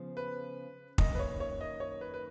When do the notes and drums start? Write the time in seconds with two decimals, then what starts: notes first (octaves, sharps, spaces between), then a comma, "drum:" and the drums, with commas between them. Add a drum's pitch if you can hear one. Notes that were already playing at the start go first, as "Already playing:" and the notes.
Already playing: C#3 F3 B3 G#4
0.17 B4
0.98 F#2 D#3 A#3 D#5, drum: kick
1.15 B4
1.19 C#5
1.40 C#5
1.61 D#5
1.80 C#5
2.01 B4
2.14 B4